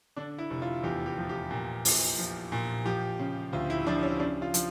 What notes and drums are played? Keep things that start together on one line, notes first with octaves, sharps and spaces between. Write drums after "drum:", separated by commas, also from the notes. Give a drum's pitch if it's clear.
D3 D4
E4
F1
F4
E2 G4
G4
F3
G4
A#2
A#1, drum: open hi-hat
F3
A#2
F3 G4
C#3
D2 F4
E4
F3 D4
C#4
C#3 D4
F4
F3, drum: hi-hat